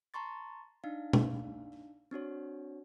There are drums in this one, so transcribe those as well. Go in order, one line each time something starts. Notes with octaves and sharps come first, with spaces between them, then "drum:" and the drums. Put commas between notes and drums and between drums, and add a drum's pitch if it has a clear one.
A5 A#5 C6 C#6 A6
D4 D#4 F5
drum: tom B2
C4 D4 F#4 C#5